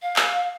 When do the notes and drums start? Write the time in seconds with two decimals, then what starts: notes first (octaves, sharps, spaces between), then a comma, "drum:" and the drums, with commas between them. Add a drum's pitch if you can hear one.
0.02 F5
0.16 drum: clap